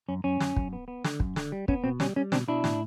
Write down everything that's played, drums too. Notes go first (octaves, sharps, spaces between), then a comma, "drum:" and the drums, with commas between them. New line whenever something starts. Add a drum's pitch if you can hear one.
F#2 C#4
F#2 C#4
F#2, drum: snare
F#2, drum: kick
B3
B3
D3, drum: snare
F#2, drum: kick
D3, drum: snare
G3
B3 C#4, drum: kick
B2 C4
G3 C#4, drum: snare
G3 C#4
B2 C4 D4, drum: snare
B2 D4 E4
A2, drum: snare